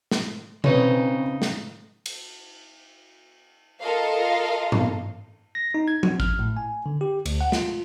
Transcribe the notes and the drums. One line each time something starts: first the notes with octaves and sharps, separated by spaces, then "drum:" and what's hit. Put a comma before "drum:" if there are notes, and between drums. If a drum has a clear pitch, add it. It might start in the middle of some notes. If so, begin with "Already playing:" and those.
drum: snare
C#3 C4 D#4 B4 C#5, drum: tom B2
drum: snare
drum: cymbal
F4 A4 A#4 D#5 F5
drum: tom G2
A#6
D#4
G#6
F#4, drum: tom F3
F6, drum: kick A1
A2
G#5
D3
G4
D2, drum: cymbal
F#5
F4, drum: snare